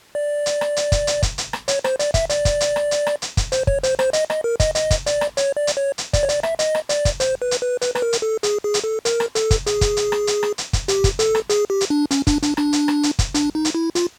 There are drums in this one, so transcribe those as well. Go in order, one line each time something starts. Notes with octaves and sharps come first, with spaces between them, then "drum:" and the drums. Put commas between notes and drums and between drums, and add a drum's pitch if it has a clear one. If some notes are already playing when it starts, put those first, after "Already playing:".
D5
drum: hi-hat
drum: rim click
drum: hi-hat
drum: kick, hi-hat
drum: hi-hat
drum: kick, hi-hat
drum: hi-hat
drum: rim click
C#5, drum: hi-hat
C5, drum: rim click
D5, drum: hi-hat
E5, drum: kick, hi-hat
D5, drum: hi-hat
drum: kick, hi-hat
drum: hi-hat
drum: rim click
drum: hi-hat
drum: rim click
drum: hi-hat
drum: kick, hi-hat
C5, drum: hi-hat
C#5, drum: kick
C5, drum: hi-hat
C5, drum: rim click
D#5, drum: hi-hat
D#5, drum: rim click
A#4
D#5, drum: kick, hi-hat
D#5, drum: hi-hat
drum: kick, hi-hat
D5, drum: hi-hat
drum: rim click
C#5, drum: hi-hat
D5
drum: hi-hat
C#5
drum: hi-hat
D5, drum: kick, hi-hat
C#5
D5, drum: hi-hat
E5, drum: rim click
D#5, drum: hi-hat
drum: rim click
D5, drum: hi-hat
drum: kick, hi-hat
C5, drum: hi-hat
B4
drum: hi-hat
B4
B4, drum: hi-hat
B4, drum: rim click
A#4
drum: hi-hat
A4
G#4, drum: hi-hat
G#4
drum: hi-hat
A4
A#4, drum: hi-hat
drum: rim click
A4, drum: hi-hat
drum: kick, hi-hat
G#4, drum: hi-hat
drum: kick, hi-hat
drum: hi-hat
drum: rim click
drum: hi-hat
drum: rim click
drum: hi-hat
drum: kick, hi-hat
G4, drum: hi-hat
drum: kick, hi-hat
A4, drum: hi-hat
drum: rim click
G#4, drum: hi-hat
G4
drum: hi-hat
D4
C#4, drum: hi-hat
D4, drum: kick, hi-hat
D4, drum: hi-hat
D4, drum: rim click
drum: hi-hat
drum: rim click
drum: hi-hat
drum: kick, hi-hat
D4, drum: hi-hat
D#4
drum: hi-hat
E4
F4, drum: hi-hat